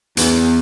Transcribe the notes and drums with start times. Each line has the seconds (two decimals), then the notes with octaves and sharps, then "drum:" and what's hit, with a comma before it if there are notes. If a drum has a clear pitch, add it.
0.17 E2, drum: hi-hat